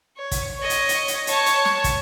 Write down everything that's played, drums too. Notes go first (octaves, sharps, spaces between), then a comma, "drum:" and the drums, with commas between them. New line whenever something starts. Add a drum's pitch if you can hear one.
C#5
drum: kick, hi-hat
C#5 D#5
drum: hi-hat
drum: hi-hat
drum: hi-hat
C#5 A5, drum: hi-hat
drum: hi-hat
drum: snare
drum: kick, hi-hat